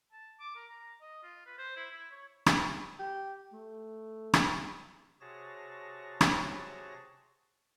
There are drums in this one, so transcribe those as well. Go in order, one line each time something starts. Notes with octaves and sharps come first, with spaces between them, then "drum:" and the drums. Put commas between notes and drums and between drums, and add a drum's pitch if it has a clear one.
A5
D6
A#4
A#5
D#5
F4
B4
C5
E4
E4
C#5
drum: rim click
G4
A3
drum: rim click
C3 F#4 G#4 C#5 A5 A#6
drum: rim click